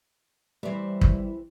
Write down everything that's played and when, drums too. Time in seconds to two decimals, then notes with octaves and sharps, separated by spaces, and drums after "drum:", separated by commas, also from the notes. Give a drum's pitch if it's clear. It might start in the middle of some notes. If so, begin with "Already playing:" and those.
0.63 E3 G3 C4 G4
1.01 drum: kick